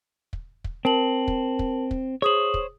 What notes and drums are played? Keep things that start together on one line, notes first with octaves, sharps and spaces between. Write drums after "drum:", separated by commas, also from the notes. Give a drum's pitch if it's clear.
drum: kick
drum: kick
C4 A#4 A5 F#7
drum: kick
drum: kick
drum: kick
G#4 C5 C#5 D#6 F#7
drum: kick